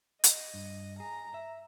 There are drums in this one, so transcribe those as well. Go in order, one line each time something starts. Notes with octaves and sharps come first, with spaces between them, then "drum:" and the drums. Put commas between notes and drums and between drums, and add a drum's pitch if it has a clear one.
D#5, drum: hi-hat
G2
G#4 A#5
E5